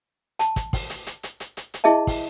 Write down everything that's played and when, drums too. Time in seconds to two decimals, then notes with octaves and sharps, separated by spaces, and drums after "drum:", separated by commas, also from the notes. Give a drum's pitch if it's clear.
0.39 A5, drum: hi-hat
0.56 drum: kick, hi-hat
0.73 drum: kick, open hi-hat
0.90 drum: hi-hat
1.07 drum: hi-hat
1.23 drum: hi-hat
1.40 drum: hi-hat
1.57 drum: hi-hat
1.74 drum: hi-hat
1.84 E4 G#4 D#5 E5 A5
2.07 drum: kick, open hi-hat